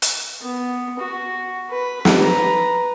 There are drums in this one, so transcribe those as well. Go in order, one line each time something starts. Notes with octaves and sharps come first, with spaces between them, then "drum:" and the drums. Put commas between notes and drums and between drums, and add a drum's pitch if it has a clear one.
drum: hi-hat
B3
F#4
B4
drum: snare
B4 A#5